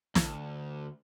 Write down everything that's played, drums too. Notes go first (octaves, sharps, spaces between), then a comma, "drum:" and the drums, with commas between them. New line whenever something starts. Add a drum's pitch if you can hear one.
D2, drum: snare